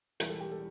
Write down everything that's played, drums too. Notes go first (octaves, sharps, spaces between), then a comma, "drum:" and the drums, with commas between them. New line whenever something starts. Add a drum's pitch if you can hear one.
E1 E2 E3 G3 A#4, drum: hi-hat
A4
G4
A4